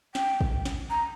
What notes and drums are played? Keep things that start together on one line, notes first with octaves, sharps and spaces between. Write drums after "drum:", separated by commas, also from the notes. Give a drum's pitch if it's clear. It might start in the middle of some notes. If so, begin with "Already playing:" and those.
G5, drum: snare
drum: kick
drum: snare
A#5